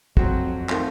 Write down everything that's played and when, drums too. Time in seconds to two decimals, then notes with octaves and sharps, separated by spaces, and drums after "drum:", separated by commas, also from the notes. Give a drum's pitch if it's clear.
0.17 F2 F#3 C4 F#4, drum: kick
0.69 D#3 A3 C4 F4, drum: clap